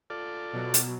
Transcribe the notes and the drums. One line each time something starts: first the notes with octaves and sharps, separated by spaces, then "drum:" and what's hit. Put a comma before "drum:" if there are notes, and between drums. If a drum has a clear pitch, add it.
F4 A4 D5
B2 F#3
drum: hi-hat